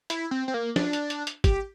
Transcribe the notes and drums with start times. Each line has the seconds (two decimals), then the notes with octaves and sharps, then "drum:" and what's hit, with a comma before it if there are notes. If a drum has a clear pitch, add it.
0.10 E4, drum: hi-hat
0.31 C4
0.48 C4
0.54 A#3
0.76 D4, drum: snare
0.93 drum: hi-hat
1.10 drum: hi-hat
1.27 drum: hi-hat
1.44 G4, drum: kick, hi-hat